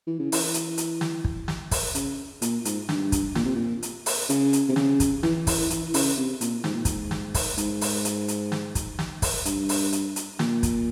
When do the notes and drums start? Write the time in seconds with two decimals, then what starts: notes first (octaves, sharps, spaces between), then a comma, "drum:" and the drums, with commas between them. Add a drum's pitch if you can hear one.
0.07 E3
0.19 C#3
0.32 E3, drum: open hi-hat
0.54 drum: hi-hat
0.78 drum: hi-hat
1.01 drum: snare
1.24 drum: kick
1.48 drum: snare
1.71 drum: kick, open hi-hat
1.95 C#3, drum: hi-hat
2.42 A#2, drum: hi-hat
2.65 G#2, drum: hi-hat
2.89 G2, drum: snare
3.12 drum: kick, hi-hat
3.35 A#2, drum: snare
3.45 C3
3.55 A#2
3.83 drum: hi-hat
4.06 drum: open hi-hat
4.29 C#3, drum: hi-hat
4.53 drum: hi-hat
4.69 C3
4.76 C#3, drum: snare
5.00 drum: kick, hi-hat
5.23 E3, drum: snare
5.47 drum: kick, open hi-hat
5.70 E3, drum: hi-hat
5.94 C#3, drum: open hi-hat
6.17 C3
6.41 A#2, drum: hi-hat
6.64 G#2, drum: snare
6.74 A#2
6.85 G#2, drum: kick, hi-hat
7.11 drum: snare
7.34 drum: kick, open hi-hat
7.57 G#2, drum: hi-hat
7.81 drum: open hi-hat
8.05 drum: hi-hat
8.28 drum: hi-hat
8.52 drum: snare
8.75 drum: kick, hi-hat
8.99 drum: snare
9.22 drum: kick, open hi-hat
9.45 G2, drum: hi-hat
9.69 drum: open hi-hat
9.92 drum: hi-hat
10.16 drum: hi-hat
10.39 A#2, drum: snare
10.63 drum: kick, hi-hat